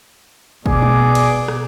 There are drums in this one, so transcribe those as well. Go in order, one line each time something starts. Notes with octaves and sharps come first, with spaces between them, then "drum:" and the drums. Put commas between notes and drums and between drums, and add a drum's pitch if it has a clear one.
B2 G#4 D5 D6, drum: kick
drum: tom G3
drum: cymbal
drum: rim click